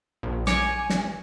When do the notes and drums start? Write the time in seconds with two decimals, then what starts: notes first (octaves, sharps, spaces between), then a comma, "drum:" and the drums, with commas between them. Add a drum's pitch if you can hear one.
0.23 A#1
0.47 C#5 G#5 D6 D7, drum: snare
0.90 drum: snare